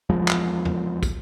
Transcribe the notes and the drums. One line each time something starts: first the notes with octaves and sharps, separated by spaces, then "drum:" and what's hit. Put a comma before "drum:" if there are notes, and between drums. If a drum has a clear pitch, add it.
E2 F3 G#3
drum: clap
drum: tom E2
drum: kick, tambourine